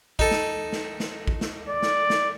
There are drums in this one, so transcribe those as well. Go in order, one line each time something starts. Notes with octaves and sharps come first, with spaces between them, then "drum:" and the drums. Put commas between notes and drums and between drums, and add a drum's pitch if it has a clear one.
D#4 A4, drum: kick
drum: snare
drum: snare
drum: snare
drum: kick
drum: snare
D5
drum: snare
drum: snare